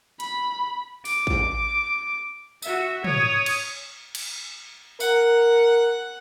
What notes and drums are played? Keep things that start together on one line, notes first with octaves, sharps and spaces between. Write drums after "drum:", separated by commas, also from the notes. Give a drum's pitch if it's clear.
B5, drum: hi-hat
D6, drum: open hi-hat
drum: kick
F#4 E5, drum: tambourine
C#5 D#6, drum: tom
drum: cymbal
drum: cymbal
A#4 F#5, drum: tambourine